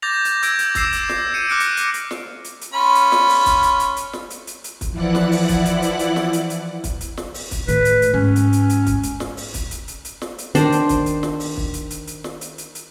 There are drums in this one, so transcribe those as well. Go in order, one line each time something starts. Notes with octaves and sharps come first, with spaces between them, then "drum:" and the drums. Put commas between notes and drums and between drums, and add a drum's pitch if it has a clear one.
D6 G6 A6 A#6 F7
drum: hi-hat
D6 E6 G6 G#6 D7, drum: hi-hat
drum: hi-hat
D6 E6 C7 E7, drum: kick, hi-hat
drum: hi-hat
drum: snare
C#7 D#7
D6 F6 F#6 A#6 C#7 D7
drum: hi-hat
drum: hi-hat
drum: hi-hat
drum: snare
drum: hi-hat
drum: hi-hat
C#4 F4 B5
drum: hi-hat
drum: snare
drum: open hi-hat
drum: kick, hi-hat
drum: hi-hat
drum: hi-hat
drum: hi-hat
drum: snare
drum: hi-hat
drum: hi-hat
drum: hi-hat
drum: kick, hi-hat
E3 F3 E4 D5 F#5 F#6
drum: snare
drum: open hi-hat
drum: kick, hi-hat
drum: hi-hat
drum: hi-hat
drum: hi-hat
drum: snare
drum: hi-hat
drum: hi-hat
drum: kick, hi-hat
drum: hi-hat
drum: snare
drum: open hi-hat
drum: kick, hi-hat
A2 D#3 B4, drum: hi-hat
drum: hi-hat
drum: hi-hat
G#2 C#4
drum: hi-hat
drum: hi-hat
drum: hi-hat
drum: kick, hi-hat
drum: hi-hat
drum: snare
drum: open hi-hat
drum: kick, hi-hat
drum: hi-hat
drum: hi-hat
drum: hi-hat
drum: snare
drum: hi-hat
D#3 D4 C5, drum: hi-hat
drum: hi-hat
drum: kick, hi-hat
drum: hi-hat
drum: snare
drum: open hi-hat
drum: kick
drum: hi-hat
drum: hi-hat
drum: hi-hat
drum: snare
drum: hi-hat
drum: hi-hat
drum: hi-hat